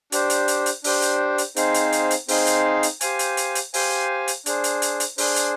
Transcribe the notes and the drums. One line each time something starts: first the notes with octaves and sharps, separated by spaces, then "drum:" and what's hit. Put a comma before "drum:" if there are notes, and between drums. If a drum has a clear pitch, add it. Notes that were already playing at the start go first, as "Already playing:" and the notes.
D4 G4 C5, drum: hi-hat
drum: hi-hat
drum: hi-hat
drum: hi-hat
D4 G4 C5, drum: open hi-hat
drum: hi-hat
drum: hi-hat
C4 D#4 G#4 C5 F5, drum: hi-hat
drum: hi-hat
drum: hi-hat
drum: hi-hat
C4 D#4 G#4 C5 F5, drum: open hi-hat
drum: hi-hat
drum: hi-hat
G4 C5 F5 G#5, drum: hi-hat
drum: hi-hat
drum: hi-hat
drum: hi-hat
G4 C5 F5 G#5, drum: open hi-hat
drum: hi-hat
D4 G#4 C5, drum: hi-hat
drum: hi-hat
drum: hi-hat
drum: hi-hat
D4 G#4 C5, drum: open hi-hat
drum: hi-hat